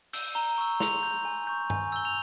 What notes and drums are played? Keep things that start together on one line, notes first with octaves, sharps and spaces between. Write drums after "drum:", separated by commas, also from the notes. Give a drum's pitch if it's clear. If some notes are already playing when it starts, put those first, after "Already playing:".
E6 G6, drum: cymbal
A#5 G7
C#6 E6
C6 F7, drum: snare
G6
G#5
C#6 G6
G#5, drum: tom G2
E6 G6 G7
F7